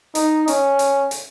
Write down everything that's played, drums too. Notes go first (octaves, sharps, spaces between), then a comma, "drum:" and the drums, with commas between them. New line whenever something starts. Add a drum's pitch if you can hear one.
D#4, drum: hi-hat
C#4, drum: hi-hat
drum: hi-hat
drum: hi-hat